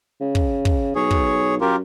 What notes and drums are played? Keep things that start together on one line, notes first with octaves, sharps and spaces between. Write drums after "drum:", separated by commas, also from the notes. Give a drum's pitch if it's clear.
C#3
drum: kick
drum: kick
B1 G#4 C#5
drum: kick
F#2 F4 G4 A#4